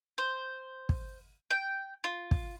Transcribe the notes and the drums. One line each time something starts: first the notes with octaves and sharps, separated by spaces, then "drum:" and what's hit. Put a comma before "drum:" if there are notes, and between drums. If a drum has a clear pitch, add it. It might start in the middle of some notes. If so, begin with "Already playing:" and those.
C5
drum: kick
G5
F4
drum: kick